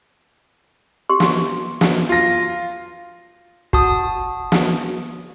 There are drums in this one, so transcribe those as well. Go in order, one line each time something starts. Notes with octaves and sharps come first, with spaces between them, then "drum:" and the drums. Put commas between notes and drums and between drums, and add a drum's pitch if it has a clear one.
G4 C6
drum: snare
drum: snare
F4 A#6
F#4 A5 D#6, drum: kick
drum: snare